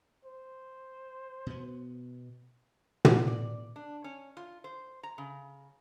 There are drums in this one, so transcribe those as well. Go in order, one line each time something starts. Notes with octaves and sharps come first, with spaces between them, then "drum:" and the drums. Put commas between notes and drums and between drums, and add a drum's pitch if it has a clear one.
C5
B2 B3
drum: tom
D5
D4
C#4
F4
C5
A#5
C#3